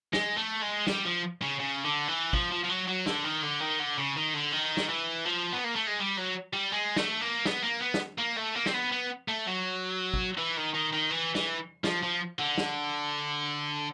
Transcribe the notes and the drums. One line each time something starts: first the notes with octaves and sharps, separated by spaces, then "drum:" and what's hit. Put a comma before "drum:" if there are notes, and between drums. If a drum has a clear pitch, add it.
G#3, drum: snare
A3
G#3
G3, drum: snare
F3
C#3
C#3
D3
E3
F3, drum: kick
F3
F3
F#3
F#3
D3, drum: snare
D#3
D3
D#3
D3
C#3
D#3
D3
D#3
drum: snare
E3
F3
B3
A#3
A3
G#3
G3
F#3
G3
G#3
A3, drum: snare
A#3
B3, drum: snare
A#3
B3
drum: snare
A#3
A3
A#3
C4, drum: snare
B3
B3
A3
F#3
drum: kick
E3
D#3
D#3
D#3
E3
E3, drum: snare
F3, drum: snare
F3
D3
drum: snare